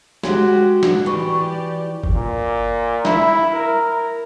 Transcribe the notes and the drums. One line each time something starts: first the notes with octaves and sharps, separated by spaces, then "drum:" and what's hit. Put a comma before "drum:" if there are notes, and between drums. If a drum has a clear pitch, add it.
G#3 F#4 G4, drum: snare
drum: snare
E3 F#4 G4 D5 C#6
drum: kick G1
A#2
E4, drum: snare
A#4